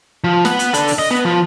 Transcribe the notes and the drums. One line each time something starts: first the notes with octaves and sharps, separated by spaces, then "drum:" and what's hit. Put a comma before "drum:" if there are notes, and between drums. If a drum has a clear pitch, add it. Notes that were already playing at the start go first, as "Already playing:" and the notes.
F3
B4 F#5, drum: snare
drum: hi-hat
D4 A4, drum: hi-hat
drum: open hi-hat
D#5
B3
F3